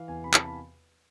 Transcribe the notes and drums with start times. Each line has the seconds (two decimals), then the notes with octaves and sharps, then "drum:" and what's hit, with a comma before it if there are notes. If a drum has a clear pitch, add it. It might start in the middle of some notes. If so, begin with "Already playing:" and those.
Already playing: E3 F5
0.08 E2 G#5
0.24 C3 B5
0.34 A5, drum: clap
0.45 B5